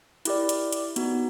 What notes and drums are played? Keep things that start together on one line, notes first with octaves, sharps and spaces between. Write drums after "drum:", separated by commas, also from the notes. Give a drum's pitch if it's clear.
E4 G4 A#4 D5, drum: hi-hat
drum: hi-hat
drum: hi-hat
B3 D#4 F#4, drum: hi-hat